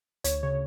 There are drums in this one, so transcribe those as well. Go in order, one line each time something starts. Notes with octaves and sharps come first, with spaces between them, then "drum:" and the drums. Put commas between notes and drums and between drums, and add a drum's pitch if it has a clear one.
D2 C#5, drum: hi-hat
C#3 C#5